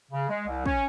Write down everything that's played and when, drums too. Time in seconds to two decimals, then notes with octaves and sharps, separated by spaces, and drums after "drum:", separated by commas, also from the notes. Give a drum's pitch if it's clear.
0.12 C#3
0.29 G#3
0.47 C2
0.66 C#4, drum: kick